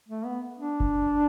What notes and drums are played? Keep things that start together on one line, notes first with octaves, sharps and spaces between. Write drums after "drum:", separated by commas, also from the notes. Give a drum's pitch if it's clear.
A3
B3
D4
drum: kick F#1